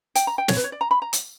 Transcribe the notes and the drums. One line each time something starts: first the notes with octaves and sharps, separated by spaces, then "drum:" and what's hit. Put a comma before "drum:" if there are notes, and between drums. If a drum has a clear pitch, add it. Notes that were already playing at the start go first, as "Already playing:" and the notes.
G5, drum: hi-hat
A#5
G5
C#5, drum: snare
B4
C#5
D5
A#5
B5
A#5
drum: hi-hat